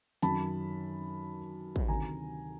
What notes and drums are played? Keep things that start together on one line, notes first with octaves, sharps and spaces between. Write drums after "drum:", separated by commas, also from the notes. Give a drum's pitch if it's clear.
F#2 D#3 A5 B5, drum: hi-hat
drum: kick
D2 C3 D#3 G#5 A#5